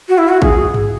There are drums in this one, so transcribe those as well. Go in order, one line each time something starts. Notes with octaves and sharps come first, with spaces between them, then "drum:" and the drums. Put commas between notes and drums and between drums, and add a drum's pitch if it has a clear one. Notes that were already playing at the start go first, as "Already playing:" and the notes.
F#4
E4
F#4
G#4, drum: kick A1
drum: tom G2